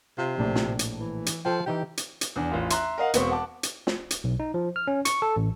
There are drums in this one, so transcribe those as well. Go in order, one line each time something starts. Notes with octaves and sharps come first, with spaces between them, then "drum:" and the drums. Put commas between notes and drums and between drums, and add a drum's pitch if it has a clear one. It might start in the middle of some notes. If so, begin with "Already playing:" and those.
C3 F4
A#1 A2 D4
drum: snare
drum: hi-hat
E3
drum: hi-hat
F3 A4 C5 G5
E3 D#4 G4 G5
drum: hi-hat
drum: hi-hat
E2 D4
A1 F4
E5 A#5 C6 F#6, drum: hi-hat
A#4 D#5 F5 F#5
E1 B3 C4 C#6, drum: hi-hat
F#5 A5 D6
drum: hi-hat
drum: snare
drum: hi-hat
B1
D#4
F3
F6
C#4
C#6, drum: hi-hat
A4
A1